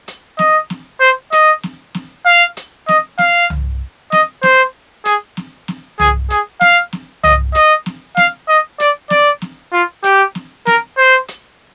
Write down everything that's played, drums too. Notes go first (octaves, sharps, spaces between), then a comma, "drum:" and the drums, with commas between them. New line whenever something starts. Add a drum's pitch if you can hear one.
drum: hi-hat
D#5, drum: snare
drum: snare
C5
D#5, drum: hi-hat
drum: snare
drum: snare
F5
drum: hi-hat
D#5, drum: snare
F5, drum: snare
drum: tom C2
D#5, drum: snare
C5, drum: snare
G#4, drum: hi-hat
drum: snare
drum: snare
G#4, drum: tom C2
G#4, drum: hi-hat
F5, drum: snare
drum: snare
D#5, drum: tom C2
D#5, drum: hi-hat
drum: snare
F5, drum: snare
D#5
D5, drum: hi-hat
D5, drum: snare
drum: snare
F4
G4, drum: hi-hat
drum: snare
A#4, drum: snare
C5
drum: hi-hat